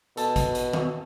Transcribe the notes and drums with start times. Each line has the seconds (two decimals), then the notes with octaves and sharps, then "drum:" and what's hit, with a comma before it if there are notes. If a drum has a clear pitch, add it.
0.17 B2 A4 A5, drum: hi-hat
0.36 drum: kick A1, hi-hat
0.55 drum: hi-hat
0.73 drum: tom D#3